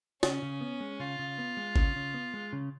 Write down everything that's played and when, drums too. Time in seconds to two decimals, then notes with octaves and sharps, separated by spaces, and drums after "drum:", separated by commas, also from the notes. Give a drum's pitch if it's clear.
0.23 C#3 C#4, drum: snare
0.42 C#3
0.61 B3
0.80 G#3
1.00 C#3 F4
1.19 C#3
1.38 B3
1.57 G#3
1.76 C#3, drum: kick G1
1.96 C#3
2.14 B3
2.34 G#3
2.53 C#3